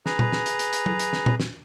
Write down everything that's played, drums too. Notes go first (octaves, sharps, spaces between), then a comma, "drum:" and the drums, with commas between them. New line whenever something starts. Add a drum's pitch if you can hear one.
G#4 B4 A#5, drum: snare
drum: tom A#2
drum: snare
drum: hi-hat
drum: hi-hat
drum: hi-hat
drum: tom F#3
drum: hi-hat
drum: snare
drum: tom A#2
drum: snare